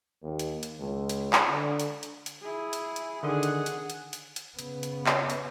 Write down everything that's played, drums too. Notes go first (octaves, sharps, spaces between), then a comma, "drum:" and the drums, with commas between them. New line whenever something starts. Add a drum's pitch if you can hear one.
D#2
drum: hi-hat
drum: hi-hat
C#2
drum: hi-hat
drum: clap
D3
drum: hi-hat
drum: hi-hat
drum: hi-hat
E4 G#4
drum: hi-hat
drum: hi-hat
D3 D#3 G#4 D#5 F#5
drum: hi-hat
drum: hi-hat
drum: hi-hat
drum: hi-hat
drum: hi-hat
C#3 B3, drum: hi-hat
drum: hi-hat
C#5, drum: clap
drum: hi-hat